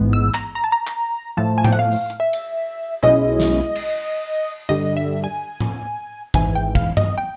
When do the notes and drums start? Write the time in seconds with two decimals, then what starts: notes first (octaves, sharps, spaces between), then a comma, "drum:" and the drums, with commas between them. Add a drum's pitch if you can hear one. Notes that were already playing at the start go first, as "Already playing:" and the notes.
Already playing: A1 G#2 E3 G#3 B3
0.13 E6
0.34 A#5, drum: clap
0.55 A#5
0.64 A5
0.72 A#5
0.87 drum: clap
1.37 A2 F3 A3 A5
1.58 G#5
1.64 G5, drum: tom A2
1.73 F#5
1.79 F5
1.92 drum: open hi-hat
2.10 drum: hi-hat
2.20 E5
2.33 drum: cymbal
3.03 B1 B2 G#3 C#4 E4 D#5
3.40 drum: snare
3.75 drum: cymbal
4.69 G2 D3 G3 D#5
4.97 E5
5.24 G#5
5.60 drum: tom A2
6.34 G#1 G#2 E3 G#5, drum: kick
6.55 G5
6.75 F5, drum: kick
6.97 D#5, drum: tom G2
7.18 G5